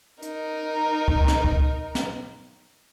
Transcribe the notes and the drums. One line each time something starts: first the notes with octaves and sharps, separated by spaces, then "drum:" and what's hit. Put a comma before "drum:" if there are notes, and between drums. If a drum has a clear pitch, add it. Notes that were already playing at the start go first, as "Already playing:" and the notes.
D#4 A#4, drum: hi-hat
drum: kick
drum: snare
drum: kick
drum: snare